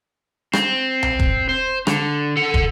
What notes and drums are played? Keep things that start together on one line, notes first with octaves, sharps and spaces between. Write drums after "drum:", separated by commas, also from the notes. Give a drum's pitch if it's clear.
C4, drum: rim click
drum: tom B1
drum: kick
C5
D3, drum: rim click
A4 F#5
drum: kick